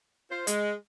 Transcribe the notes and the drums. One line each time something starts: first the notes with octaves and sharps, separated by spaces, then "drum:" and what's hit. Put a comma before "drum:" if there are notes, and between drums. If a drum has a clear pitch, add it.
F4 C5
G#3, drum: hi-hat